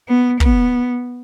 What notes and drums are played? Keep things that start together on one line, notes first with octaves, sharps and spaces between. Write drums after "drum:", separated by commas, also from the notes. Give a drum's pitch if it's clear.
B3
B3, drum: kick